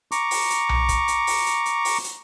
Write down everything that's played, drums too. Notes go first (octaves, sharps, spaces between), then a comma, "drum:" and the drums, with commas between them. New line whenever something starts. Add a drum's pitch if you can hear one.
A#5 C#6 D6, drum: hi-hat
drum: open hi-hat
drum: hi-hat
drum: tom B1
drum: kick, hi-hat
drum: hi-hat
drum: open hi-hat
drum: hi-hat
drum: hi-hat
drum: open hi-hat
drum: hi-hat